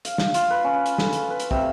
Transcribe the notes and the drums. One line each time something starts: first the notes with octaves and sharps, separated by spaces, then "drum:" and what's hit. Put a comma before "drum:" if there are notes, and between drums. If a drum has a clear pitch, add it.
F5, drum: hi-hat
drum: snare
F4, drum: hi-hat
B4
C#4
drum: hi-hat
A4, drum: snare
drum: hi-hat
B4
drum: hi-hat
C3, drum: kick